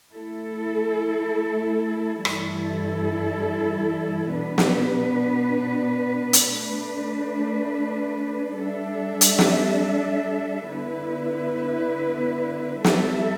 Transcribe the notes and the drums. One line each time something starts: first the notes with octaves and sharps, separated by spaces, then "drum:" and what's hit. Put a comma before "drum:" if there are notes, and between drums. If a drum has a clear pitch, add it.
A3 E4 A4
G2 E3 G3 E4 A4, drum: rim click
B2 B3 D4 B4
drum: snare
drum: hi-hat
A3 D4 B4
G3 D4 A4 E5
drum: hi-hat
drum: snare
D3 B3 E4 B4
G3 E4 A4 E5, drum: snare